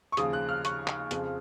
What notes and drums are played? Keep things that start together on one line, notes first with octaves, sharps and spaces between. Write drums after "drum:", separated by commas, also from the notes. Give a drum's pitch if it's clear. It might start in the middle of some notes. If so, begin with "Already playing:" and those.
C#6
D#2 C#3 F3 D#6, drum: hi-hat
F#6
F6
C#6, drum: hi-hat
drum: clap
F2 C#3 F3, drum: hi-hat